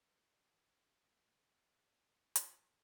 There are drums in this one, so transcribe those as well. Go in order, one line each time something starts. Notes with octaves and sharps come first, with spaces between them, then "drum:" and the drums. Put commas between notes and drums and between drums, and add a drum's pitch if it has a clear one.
B3
G3
D3
D#3
D3
C3
B2
G#3
G#3
G3
drum: hi-hat